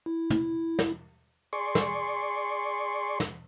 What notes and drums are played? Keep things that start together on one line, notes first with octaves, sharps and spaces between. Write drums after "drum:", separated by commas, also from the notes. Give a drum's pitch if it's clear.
E4
drum: tom
drum: snare
G#4 D5 C6 C#6
drum: snare
drum: snare